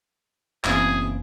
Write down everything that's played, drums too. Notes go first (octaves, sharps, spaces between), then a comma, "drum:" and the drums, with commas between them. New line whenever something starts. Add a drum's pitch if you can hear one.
F#1 B2 E3 A#3 C4 C#4 G#4, drum: clap